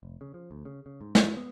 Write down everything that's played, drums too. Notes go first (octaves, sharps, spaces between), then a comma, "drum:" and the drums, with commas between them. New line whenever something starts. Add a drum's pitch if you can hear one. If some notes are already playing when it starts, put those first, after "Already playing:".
F1
C#3
F3
D2
C#3
C#3
G#2
F#3, drum: snare
B3